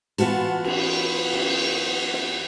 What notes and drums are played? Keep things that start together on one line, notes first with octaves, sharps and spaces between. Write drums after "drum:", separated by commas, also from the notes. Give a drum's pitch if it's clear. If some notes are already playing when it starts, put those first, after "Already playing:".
E3 B3 F4 F#4 A5, drum: cymbal
drum: cymbal
drum: cymbal
drum: snare